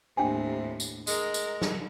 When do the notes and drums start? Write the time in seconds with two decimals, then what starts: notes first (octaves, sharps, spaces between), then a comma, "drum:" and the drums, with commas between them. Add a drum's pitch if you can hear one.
0.17 D#2 A2 C3 D4 G5 G#5
0.80 drum: tambourine
1.07 G#3 A#4, drum: tambourine
1.34 drum: tambourine
1.61 drum: snare